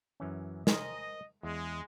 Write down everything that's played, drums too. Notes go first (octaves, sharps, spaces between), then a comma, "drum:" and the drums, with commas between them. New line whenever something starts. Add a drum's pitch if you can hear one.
F#2 E3 C#4
A#4 C5 D#5 G#5, drum: snare
E2 G#3